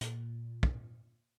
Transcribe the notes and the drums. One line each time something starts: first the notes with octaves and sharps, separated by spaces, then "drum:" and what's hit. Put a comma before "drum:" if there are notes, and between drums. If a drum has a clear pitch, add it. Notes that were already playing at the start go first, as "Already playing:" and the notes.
A#2, drum: hi-hat
drum: kick